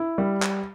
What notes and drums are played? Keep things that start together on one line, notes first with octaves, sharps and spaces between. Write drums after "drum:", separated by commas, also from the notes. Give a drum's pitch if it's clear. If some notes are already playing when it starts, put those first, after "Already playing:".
Already playing: E4
G3
drum: clap